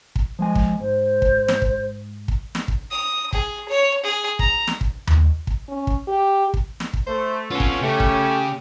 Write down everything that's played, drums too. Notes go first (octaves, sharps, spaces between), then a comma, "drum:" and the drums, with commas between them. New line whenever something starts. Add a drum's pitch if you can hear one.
drum: kick
F3 G#3 G#5
drum: kick
G#2 C5
drum: kick
drum: snare
drum: kick
drum: kick
drum: snare
drum: kick
D#6
G#4, drum: kick
C#5
G#4
A#5, drum: kick
drum: snare
drum: kick
drum: tom D#2
drum: kick
C#4
drum: kick
G4
drum: kick
drum: snare
drum: kick
A3 C5
B3 C#4 F4 A4
drum: kick
C#3 A3 G4
drum: kick